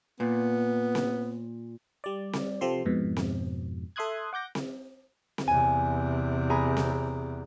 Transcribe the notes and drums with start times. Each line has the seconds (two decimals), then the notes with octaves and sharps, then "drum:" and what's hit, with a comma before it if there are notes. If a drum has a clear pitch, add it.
0.20 A#2 B3
0.95 drum: snare C4
2.04 G3 D5
2.33 drum: snare C4
2.61 C3 F3 G4 A4 C6
2.85 F2 G#2 B2
3.17 drum: snare C4
3.96 A4 E5 C6 D#6 F#6 G#6
4.33 F#5 D6 G6 A#6
4.55 drum: snare C4
5.38 drum: snare C4
5.48 E2 C3 G#5
6.50 G#4 A#5 B5
6.77 drum: snare C4